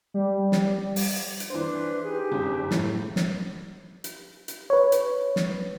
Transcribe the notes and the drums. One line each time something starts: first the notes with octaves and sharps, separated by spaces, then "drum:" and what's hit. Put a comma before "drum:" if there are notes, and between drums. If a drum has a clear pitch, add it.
G3
drum: snare
drum: open hi-hat
drum: hi-hat
E3 D4 B4 C5
D#4 G4 G#4
G1 F#2
A2, drum: snare
drum: snare
drum: hi-hat
drum: hi-hat
B4 C#5
drum: hi-hat
drum: snare